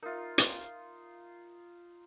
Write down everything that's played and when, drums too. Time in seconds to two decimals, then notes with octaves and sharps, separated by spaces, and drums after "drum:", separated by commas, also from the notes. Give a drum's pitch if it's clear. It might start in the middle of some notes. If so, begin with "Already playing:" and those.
0.03 D#4 F4 A#4 E5
0.38 drum: hi-hat